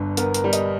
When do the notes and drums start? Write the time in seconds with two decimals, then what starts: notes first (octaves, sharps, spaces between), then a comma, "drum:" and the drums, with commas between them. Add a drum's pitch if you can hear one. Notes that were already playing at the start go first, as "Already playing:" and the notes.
Already playing: G1 G2 B4
0.17 B3 A#4, drum: hi-hat
0.34 A#4, drum: hi-hat
0.44 G3
0.53 D#5, drum: hi-hat